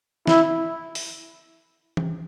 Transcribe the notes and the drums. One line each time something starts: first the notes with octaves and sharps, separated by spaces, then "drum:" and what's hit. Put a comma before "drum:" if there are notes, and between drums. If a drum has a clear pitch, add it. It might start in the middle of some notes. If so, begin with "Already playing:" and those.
E4, drum: snare
drum: open hi-hat
drum: tom E3